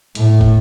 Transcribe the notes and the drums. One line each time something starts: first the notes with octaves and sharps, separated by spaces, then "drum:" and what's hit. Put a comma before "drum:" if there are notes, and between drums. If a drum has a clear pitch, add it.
A2, drum: hi-hat
drum: kick